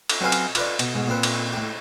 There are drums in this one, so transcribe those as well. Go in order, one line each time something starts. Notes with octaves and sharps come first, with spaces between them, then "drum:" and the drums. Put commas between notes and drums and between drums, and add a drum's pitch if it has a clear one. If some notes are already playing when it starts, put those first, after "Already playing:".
drum: cymbal
F#3 C4 C#4 B4 F5
drum: cymbal
F4 B4 D5, drum: cymbal
B2, drum: cymbal
G#2 B2
A#2 C4 B4
drum: cymbal
A2 G4